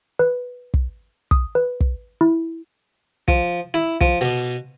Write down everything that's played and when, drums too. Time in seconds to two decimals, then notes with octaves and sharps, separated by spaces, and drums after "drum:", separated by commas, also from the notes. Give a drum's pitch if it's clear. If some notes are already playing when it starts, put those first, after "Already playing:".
0.19 B4
0.74 drum: kick
1.31 D#6, drum: kick
1.55 B4
1.80 drum: kick
2.21 E4
3.28 F3, drum: kick
3.74 E4
4.01 F3, drum: kick
4.21 B2, drum: open hi-hat